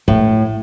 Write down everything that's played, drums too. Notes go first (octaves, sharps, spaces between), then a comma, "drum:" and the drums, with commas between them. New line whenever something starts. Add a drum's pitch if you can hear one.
A2, drum: kick